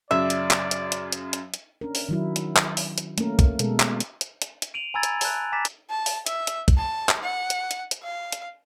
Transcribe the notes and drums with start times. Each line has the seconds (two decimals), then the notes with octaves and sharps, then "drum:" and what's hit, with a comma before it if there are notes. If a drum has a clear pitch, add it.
0.11 F#2 C#3 D5 E5
0.30 drum: hi-hat
0.51 drum: clap
0.71 drum: hi-hat
0.92 drum: hi-hat
1.12 drum: hi-hat
1.33 drum: hi-hat
1.54 drum: hi-hat
1.81 C#4 D4 A#4
1.95 drum: open hi-hat
2.09 D#3 F#3 E4
2.36 drum: hi-hat
2.56 drum: clap
2.77 drum: open hi-hat
2.98 drum: hi-hat
3.18 A3 A#3 C#4 A#4, drum: hi-hat
3.39 drum: kick, hi-hat
3.59 B2 G#3 A4 A#4, drum: hi-hat
3.80 drum: clap
4.00 drum: hi-hat
4.21 drum: hi-hat
4.42 drum: hi-hat
4.62 drum: hi-hat
4.74 D7 D#7 F7 F#7
4.94 G#5 A#5 B5 E6 G#6 A6
5.03 drum: hi-hat
5.21 A5 F#6, drum: open hi-hat
5.52 G#5 A#5 D6 A6 B6 E7
5.65 drum: hi-hat
5.90 A5
6.06 drum: open hi-hat
6.26 E5, drum: hi-hat
6.47 drum: hi-hat
6.68 drum: kick, hi-hat
6.77 A5
7.09 drum: clap
7.23 F#5
7.50 drum: hi-hat
7.71 drum: hi-hat
7.91 drum: hi-hat
8.03 F5
8.32 drum: hi-hat